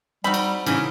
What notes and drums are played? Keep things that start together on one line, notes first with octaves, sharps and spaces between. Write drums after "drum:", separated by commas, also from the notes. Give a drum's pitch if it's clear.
G3 C4 D#4 F#4 B5
drum: cymbal
C#3 E3 C#4 D#4 E4 D#5, drum: cymbal